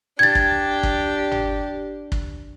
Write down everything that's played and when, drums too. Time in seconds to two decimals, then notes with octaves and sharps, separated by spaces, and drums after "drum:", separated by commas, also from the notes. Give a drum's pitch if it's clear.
0.19 D4 G4 G#6 A6
0.35 drum: kick
0.83 drum: kick
1.31 drum: tom
2.12 drum: kick